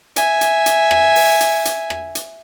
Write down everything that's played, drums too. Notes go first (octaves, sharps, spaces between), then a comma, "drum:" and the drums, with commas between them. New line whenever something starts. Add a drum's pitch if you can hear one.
E5 G#5, drum: hi-hat
drum: hi-hat
drum: hi-hat
drum: rim click
drum: open hi-hat
drum: hi-hat
drum: hi-hat
drum: rim click
drum: hi-hat